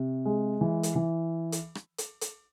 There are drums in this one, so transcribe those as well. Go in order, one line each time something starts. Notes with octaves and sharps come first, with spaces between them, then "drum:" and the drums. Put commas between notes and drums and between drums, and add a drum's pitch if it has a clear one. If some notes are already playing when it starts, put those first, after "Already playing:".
Already playing: C3
G#3
E3
drum: hi-hat
E3
drum: hi-hat
drum: rim click
drum: hi-hat
drum: hi-hat